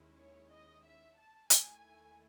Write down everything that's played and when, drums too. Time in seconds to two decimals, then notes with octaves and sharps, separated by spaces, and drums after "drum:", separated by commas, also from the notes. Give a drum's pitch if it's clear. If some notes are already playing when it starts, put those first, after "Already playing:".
Already playing: D#2 D#3 G#3 C#4 E4
0.17 C#5
0.51 D#5
0.84 E5
1.18 A5
1.50 D#2 D#3 A3 E4 G#5, drum: hi-hat